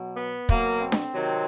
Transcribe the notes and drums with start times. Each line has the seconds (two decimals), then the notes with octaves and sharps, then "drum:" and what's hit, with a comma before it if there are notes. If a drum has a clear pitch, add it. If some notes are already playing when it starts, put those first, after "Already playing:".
Already playing: B2 F#3
0.16 B3
0.49 B2 F#3 A#3, drum: kick
0.81 C4
0.92 drum: snare D4
1.14 C3 D#3 F#3